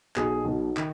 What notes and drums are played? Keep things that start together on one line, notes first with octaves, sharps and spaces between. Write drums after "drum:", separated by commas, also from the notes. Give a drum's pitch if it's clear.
B1 B2 G#4, drum: clap
B1 B2
D#3, drum: clap